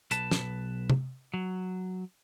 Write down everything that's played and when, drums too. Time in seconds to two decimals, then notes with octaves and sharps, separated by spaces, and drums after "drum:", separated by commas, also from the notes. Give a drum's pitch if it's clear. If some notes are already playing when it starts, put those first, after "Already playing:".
0.11 B1 B4 A5, drum: hi-hat
0.31 drum: snare
0.90 drum: tom
1.34 F#3